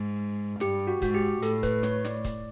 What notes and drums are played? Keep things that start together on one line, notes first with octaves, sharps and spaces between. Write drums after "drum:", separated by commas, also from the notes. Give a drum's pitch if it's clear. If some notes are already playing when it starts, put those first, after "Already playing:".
Already playing: G#2
G2 G4, drum: snare
F#4
G#2 F#4, drum: kick, hi-hat
G4
A2 A4, drum: hi-hat
B4, drum: kick, hi-hat
C#5, drum: snare
D5, drum: snare
drum: kick, hi-hat